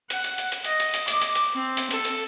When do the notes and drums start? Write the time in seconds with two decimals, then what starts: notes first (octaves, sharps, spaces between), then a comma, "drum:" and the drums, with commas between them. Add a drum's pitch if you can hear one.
0.10 F#5, drum: hi-hat
0.24 drum: hi-hat
0.38 drum: hi-hat
0.52 drum: hi-hat
0.64 D#5, drum: hi-hat
0.80 drum: hi-hat
0.94 drum: hi-hat
1.08 D6, drum: hi-hat
1.21 drum: hi-hat
1.35 drum: hi-hat
1.54 C4
1.77 drum: hi-hat
1.91 A4, drum: hi-hat
2.05 drum: hi-hat